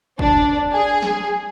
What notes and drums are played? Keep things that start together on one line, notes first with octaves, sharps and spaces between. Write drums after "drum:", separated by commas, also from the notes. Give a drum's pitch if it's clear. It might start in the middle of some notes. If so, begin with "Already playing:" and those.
D4, drum: kick
G#4
drum: snare